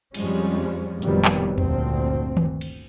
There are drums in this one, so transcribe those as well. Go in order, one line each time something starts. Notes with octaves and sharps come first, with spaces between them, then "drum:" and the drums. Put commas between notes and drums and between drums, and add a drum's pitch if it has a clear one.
F2 F3 G3 G#3 C#4, drum: cymbal
F1 A#2 D#3 F#3 G3 B3, drum: hi-hat
drum: clap
G1 D2 A#2 C4, drum: tom E2
drum: tom D#3
drum: cymbal